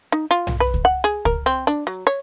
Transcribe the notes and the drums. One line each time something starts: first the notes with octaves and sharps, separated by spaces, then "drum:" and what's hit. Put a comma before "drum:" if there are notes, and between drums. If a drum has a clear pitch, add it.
D#4
F4
drum: tom B1
B4
drum: kick C#2
F#5
G#4
A#4, drum: kick C#2
C4
D4
F#3
C#5